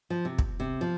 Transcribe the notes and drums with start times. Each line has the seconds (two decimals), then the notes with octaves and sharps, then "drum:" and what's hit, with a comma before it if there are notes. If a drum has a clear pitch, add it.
0.10 F3
0.25 C3
0.39 drum: kick
0.60 C3
0.81 F3